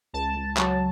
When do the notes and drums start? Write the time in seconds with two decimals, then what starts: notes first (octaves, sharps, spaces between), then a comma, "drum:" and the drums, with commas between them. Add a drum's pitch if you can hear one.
0.13 C#2 A5
0.36 C#2
0.57 F#3, drum: clap